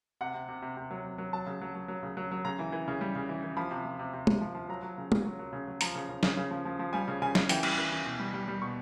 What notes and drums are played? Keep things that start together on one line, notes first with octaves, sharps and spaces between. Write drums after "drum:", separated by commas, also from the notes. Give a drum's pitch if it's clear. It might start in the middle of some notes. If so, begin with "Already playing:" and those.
C3 F#5
C3
C3
C3
C3
F#3
C3
F#3
F#3 A5
C#3
F#3
F#3
F#3
C#3
F#3
F#3
C#3 A#5
E3
E3
C#3
G3
C#3
E3
E3
F3 B5
C3
F3
C3
C3
C3, drum: tom
F3
F3
F#3 A#5
F#3
C#3
C#3, drum: tom
F#3
F#3
C#3
F#3
F3 A#5, drum: hi-hat
C#3
C#3
C#3, drum: snare
C#3
F3
F3
F3
G3 G#5
C#3
C#3 G#5
C#3, drum: snare
E3 G5, drum: hi-hat
G3, drum: cymbal
E3
E3
B2
G3
G3
G3
B2 C#6